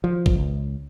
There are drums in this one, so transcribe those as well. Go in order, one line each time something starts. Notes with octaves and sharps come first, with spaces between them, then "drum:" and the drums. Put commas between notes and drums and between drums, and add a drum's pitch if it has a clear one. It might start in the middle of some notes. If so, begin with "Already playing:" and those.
F3
drum: kick
C#2